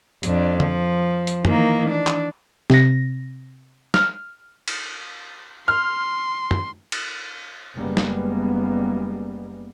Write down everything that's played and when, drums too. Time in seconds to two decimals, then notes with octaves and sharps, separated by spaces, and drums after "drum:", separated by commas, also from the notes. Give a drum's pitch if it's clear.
0.23 F2 D4, drum: hi-hat
0.60 F3, drum: tom
1.27 drum: hi-hat
1.45 D#3 E3 A#3, drum: tom
1.90 D4
2.07 drum: clap
2.70 C3 A#6, drum: snare
3.94 F6, drum: snare
4.68 drum: cymbal
5.68 C6 F6
6.51 drum: tom
6.92 drum: cymbal
7.76 F#1 G3 G#3 A#3 B3
7.97 drum: snare